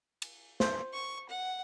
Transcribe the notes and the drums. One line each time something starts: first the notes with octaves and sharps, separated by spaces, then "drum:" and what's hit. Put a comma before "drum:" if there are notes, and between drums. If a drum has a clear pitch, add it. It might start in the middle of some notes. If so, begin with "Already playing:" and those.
drum: cymbal
C5, drum: snare
C#6
F#5